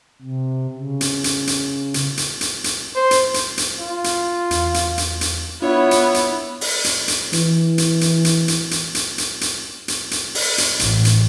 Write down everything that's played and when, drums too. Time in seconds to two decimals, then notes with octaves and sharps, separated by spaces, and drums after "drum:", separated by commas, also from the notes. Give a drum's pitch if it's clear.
0.22 C3
0.77 C#3
1.01 drum: hi-hat
1.24 drum: hi-hat
1.47 drum: hi-hat
1.94 drum: hi-hat
2.17 drum: hi-hat
2.41 drum: hi-hat
2.64 drum: hi-hat
2.96 C5
3.11 drum: hi-hat
3.34 drum: hi-hat
3.58 drum: hi-hat
3.80 F4
4.04 drum: hi-hat
4.51 E2, drum: hi-hat
4.74 drum: hi-hat
4.98 drum: hi-hat
5.21 drum: hi-hat
5.62 B3 D4 E4 F4 C#5
5.91 drum: hi-hat
6.14 drum: hi-hat
6.61 drum: open hi-hat
6.84 drum: hi-hat
7.08 drum: hi-hat
7.33 E3, drum: hi-hat
7.78 drum: hi-hat
8.01 drum: hi-hat
8.25 drum: hi-hat
8.48 drum: hi-hat
8.71 drum: hi-hat
8.95 drum: hi-hat
9.18 drum: hi-hat
9.41 drum: hi-hat
9.88 drum: hi-hat
10.11 drum: hi-hat
10.35 drum: open hi-hat
10.58 drum: hi-hat
10.79 A1, drum: hi-hat
11.05 drum: hi-hat